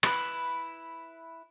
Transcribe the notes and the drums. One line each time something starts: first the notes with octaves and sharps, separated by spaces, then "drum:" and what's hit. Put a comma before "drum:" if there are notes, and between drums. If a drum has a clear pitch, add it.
E4 B4, drum: rim click